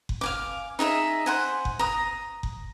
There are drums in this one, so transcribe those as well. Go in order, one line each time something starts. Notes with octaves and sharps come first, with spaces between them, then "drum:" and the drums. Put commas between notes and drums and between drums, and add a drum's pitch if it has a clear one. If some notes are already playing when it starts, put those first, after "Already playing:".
drum: kick F#1
F5 G#5 D6
D#4 G#4 D#5 E5
C5 F#5 G#5
drum: kick F#1
A#5 D#6
drum: kick F#1